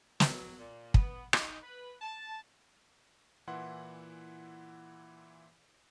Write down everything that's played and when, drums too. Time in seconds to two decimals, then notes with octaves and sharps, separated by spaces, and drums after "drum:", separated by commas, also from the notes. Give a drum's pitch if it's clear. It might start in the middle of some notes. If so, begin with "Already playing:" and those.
0.20 F#3, drum: snare
0.58 A#2
0.94 B3, drum: kick
1.33 D#4, drum: rim click
1.63 B4
2.01 A5
3.47 A#2 E3 E4 F#5 C6 F#6